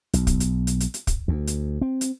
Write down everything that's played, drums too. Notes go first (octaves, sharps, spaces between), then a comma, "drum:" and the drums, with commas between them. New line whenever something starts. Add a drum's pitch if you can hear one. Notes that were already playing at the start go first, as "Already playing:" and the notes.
B1, drum: hi-hat
drum: kick, hi-hat
drum: hi-hat
drum: hi-hat
drum: hi-hat
drum: hi-hat
drum: kick, hi-hat
D2
drum: hi-hat
C4
drum: hi-hat